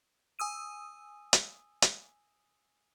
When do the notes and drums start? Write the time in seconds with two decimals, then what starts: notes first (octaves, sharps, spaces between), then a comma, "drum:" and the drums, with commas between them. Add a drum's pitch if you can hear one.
0.39 G#5 D#6 E6 D#7
1.33 drum: hi-hat
1.82 drum: hi-hat